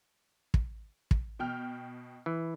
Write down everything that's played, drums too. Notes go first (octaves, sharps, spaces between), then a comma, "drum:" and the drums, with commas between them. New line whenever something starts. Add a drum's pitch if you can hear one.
drum: kick
drum: kick
B2 G5 F6
E3